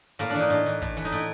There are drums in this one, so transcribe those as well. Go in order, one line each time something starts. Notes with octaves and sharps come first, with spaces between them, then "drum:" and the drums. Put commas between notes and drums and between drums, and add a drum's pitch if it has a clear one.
A2 A#3
E3 D4
D#4
A2
E3
A2, drum: kick, hi-hat
E3, drum: hi-hat
D#4
A2 E4, drum: open hi-hat